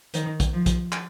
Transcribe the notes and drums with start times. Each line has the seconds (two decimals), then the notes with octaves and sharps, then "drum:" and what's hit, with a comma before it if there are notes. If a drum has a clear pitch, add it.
0.14 D#3, drum: hi-hat
0.40 drum: kick, hi-hat
0.53 F3
0.66 drum: kick, hi-hat
0.92 drum: clap